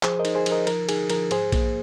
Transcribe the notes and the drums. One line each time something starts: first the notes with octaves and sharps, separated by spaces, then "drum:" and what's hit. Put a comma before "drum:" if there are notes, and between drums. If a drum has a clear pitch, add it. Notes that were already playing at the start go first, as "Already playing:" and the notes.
F3 G#4 C5, drum: clap
A#4 D#5
D#4, drum: cymbal
G#4 C5
F3, drum: cymbal
A#4 D#5
F3 A#4, drum: cymbal
D#4 G#4, drum: cymbal
F3 A#4, drum: cymbal
G#2 G#4 C5, drum: cymbal
A#3, drum: kick A#1, cymbal